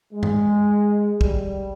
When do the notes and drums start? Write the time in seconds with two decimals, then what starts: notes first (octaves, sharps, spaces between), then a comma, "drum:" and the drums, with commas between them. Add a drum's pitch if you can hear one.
0.13 G#3
0.23 drum: tom G2
1.21 G3, drum: kick